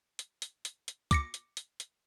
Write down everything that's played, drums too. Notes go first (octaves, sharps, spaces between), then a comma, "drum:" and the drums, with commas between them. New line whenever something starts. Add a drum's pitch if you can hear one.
drum: hi-hat
drum: hi-hat
drum: hi-hat
drum: hi-hat
D6 A#6 C#7, drum: kick, hi-hat
drum: hi-hat
drum: hi-hat
drum: hi-hat